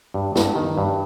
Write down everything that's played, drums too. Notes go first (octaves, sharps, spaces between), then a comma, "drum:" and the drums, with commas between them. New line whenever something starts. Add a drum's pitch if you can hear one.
G2
G2, drum: snare
D#3
G2